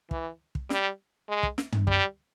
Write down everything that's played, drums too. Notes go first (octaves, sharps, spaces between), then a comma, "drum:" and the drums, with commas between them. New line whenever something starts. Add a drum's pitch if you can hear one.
E3, drum: kick
drum: kick
G3, drum: snare
G#3
drum: kick
drum: snare
drum: tom
G3, drum: kick